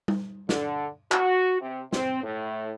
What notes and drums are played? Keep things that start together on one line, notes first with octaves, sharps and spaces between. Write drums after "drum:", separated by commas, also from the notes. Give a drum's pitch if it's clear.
drum: tom G3
D3, drum: snare
F#4, drum: clap
C3
C4, drum: snare
A2